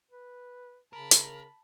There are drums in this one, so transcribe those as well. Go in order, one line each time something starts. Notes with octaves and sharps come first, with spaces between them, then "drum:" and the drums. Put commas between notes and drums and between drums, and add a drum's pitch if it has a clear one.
B4
C#3 A#4 A5 B5
drum: hi-hat